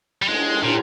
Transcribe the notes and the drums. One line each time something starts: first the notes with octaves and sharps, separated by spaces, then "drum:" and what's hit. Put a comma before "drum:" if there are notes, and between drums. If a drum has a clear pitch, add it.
G3
G#3, drum: cymbal
A#2, drum: cymbal